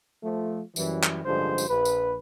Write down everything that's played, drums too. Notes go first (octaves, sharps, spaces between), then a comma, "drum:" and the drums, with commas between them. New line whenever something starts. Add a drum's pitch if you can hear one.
F3 A3
F#2 E3 G3, drum: tambourine
drum: clap
A1 G2 D3 F3 G#3 C5
drum: tambourine
A#1 B4
drum: tambourine